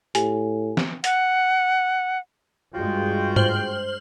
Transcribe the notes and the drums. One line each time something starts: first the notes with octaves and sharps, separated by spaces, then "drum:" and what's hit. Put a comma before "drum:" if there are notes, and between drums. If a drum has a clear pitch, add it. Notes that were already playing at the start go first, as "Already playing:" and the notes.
A2 G4 G#5, drum: hi-hat
drum: snare
F#5, drum: hi-hat
G2 G#3 F4 F#4 G5
C5 F6 F#7, drum: tom G#2